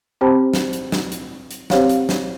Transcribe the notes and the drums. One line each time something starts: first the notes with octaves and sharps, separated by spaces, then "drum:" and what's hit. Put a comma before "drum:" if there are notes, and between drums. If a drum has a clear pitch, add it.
C4 G4 C5 G5 A5 B5
drum: snare
drum: hi-hat
drum: snare
drum: hi-hat
drum: hi-hat
C4 G4 C5 C#5 F5 F#5, drum: snare
drum: hi-hat
drum: snare